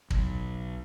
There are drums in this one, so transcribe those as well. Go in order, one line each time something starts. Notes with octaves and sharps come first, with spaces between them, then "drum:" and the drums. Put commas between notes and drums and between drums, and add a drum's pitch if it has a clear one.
B1, drum: kick